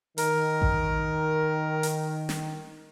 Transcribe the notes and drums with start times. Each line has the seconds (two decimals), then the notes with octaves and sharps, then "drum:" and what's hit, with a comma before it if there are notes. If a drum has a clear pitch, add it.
0.18 D#3 A#4, drum: hi-hat
0.62 drum: kick A1
1.83 drum: hi-hat
2.29 drum: snare